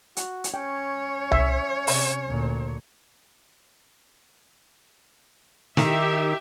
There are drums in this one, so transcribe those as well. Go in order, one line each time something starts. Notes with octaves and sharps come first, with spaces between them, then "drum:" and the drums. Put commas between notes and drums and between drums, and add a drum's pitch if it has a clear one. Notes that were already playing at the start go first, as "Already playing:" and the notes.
F#4, drum: hi-hat
drum: hi-hat
C#4 C#5 G5
E5, drum: tom C2
C3, drum: open hi-hat
D2 A#2
D#3 G4 E5, drum: snare